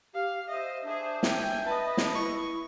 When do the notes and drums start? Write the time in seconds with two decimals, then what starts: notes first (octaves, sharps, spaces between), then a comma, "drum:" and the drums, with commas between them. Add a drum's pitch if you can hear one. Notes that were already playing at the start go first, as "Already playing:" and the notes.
0.14 G4 F5
0.49 C5 D#5 E5
0.84 D4 G#4 C5
1.23 E5 G5 G#5, drum: snare
1.66 B4 D#5 A5
1.97 drum: snare
2.15 E4 C#6